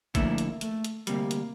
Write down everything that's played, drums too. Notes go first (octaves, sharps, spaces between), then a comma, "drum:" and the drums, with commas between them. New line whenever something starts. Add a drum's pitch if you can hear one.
F2 D3 A3 A#3 E4, drum: kick, hi-hat
drum: hi-hat
A3, drum: hi-hat
drum: hi-hat
D2 C3 G3 A#3, drum: hi-hat
drum: hi-hat